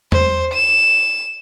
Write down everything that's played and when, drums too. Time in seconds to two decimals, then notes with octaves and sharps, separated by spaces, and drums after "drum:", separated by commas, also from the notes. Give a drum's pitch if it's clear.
0.12 C5, drum: tom E2
0.54 E7